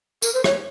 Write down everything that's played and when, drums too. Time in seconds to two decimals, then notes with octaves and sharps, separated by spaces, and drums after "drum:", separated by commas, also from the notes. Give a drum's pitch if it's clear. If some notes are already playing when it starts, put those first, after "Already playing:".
0.22 A#4, drum: tambourine
0.34 C5
0.44 C#5, drum: rim click